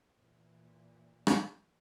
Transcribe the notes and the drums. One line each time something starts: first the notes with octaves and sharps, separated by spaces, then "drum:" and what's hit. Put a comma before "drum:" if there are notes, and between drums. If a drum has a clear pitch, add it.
A#2 E3
drum: rim click